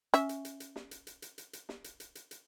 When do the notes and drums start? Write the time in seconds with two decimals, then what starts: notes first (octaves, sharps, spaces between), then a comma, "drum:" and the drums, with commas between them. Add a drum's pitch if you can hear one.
0.14 C#4 E5, drum: hi-hat
0.29 drum: hi-hat
0.45 drum: hi-hat
0.60 drum: hi-hat
0.76 drum: snare
0.91 drum: hi-hat
1.07 drum: hi-hat
1.22 drum: hi-hat
1.38 drum: hi-hat
1.53 drum: hi-hat
1.69 drum: snare
1.84 drum: hi-hat
2.00 drum: hi-hat
2.15 drum: hi-hat
2.31 drum: hi-hat